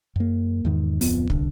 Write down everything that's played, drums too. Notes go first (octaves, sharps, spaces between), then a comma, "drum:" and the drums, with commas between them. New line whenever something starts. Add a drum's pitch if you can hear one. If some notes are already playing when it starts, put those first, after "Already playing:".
F#2 A#3
E2 G#2 D#3
D1 F2 F3 B3, drum: open hi-hat
C2 D3, drum: kick